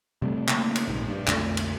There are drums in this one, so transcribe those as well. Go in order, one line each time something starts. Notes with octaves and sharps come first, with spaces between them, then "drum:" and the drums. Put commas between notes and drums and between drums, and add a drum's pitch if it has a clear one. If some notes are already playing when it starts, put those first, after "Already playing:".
C3 G3 A3
C#3 A3 A#3, drum: clap
drum: cymbal
A#1 G#2
G2
B1 F2 D3 A3, drum: clap
drum: cymbal